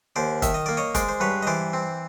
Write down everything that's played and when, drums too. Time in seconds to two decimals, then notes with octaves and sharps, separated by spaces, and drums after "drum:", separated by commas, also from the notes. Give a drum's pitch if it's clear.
0.16 D#2 C5 D5
0.42 D#3 E5, drum: kick, hi-hat
0.54 D#5
0.66 A#3 D5
0.77 C#5 D#5
0.95 G#3 C5 D5, drum: kick, hi-hat
1.09 C5
1.20 G2 B4 C#5
1.43 D#5
1.47 E3 C5 D5
1.73 C4